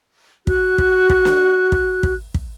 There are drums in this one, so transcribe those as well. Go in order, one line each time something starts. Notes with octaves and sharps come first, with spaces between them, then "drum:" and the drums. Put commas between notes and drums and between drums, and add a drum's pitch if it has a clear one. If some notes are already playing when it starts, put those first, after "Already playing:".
F#4 F#6, drum: kick
drum: kick
drum: kick
drum: snare
drum: kick
drum: kick
drum: kick